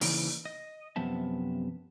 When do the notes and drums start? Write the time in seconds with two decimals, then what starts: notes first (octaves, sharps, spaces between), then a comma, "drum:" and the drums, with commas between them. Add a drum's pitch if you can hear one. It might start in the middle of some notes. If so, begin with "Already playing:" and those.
0.01 C#3 E3 A#3 C#4 D#4, drum: open hi-hat
0.45 D#5
0.96 F#2 C3 F3 B3 E5 A5